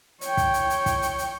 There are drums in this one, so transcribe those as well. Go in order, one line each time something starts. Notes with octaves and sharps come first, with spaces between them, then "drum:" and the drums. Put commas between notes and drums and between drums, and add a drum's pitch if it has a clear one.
C#5 G5, drum: hi-hat
drum: kick, hi-hat
drum: hi-hat
drum: hi-hat
drum: kick, hi-hat
drum: hi-hat
drum: hi-hat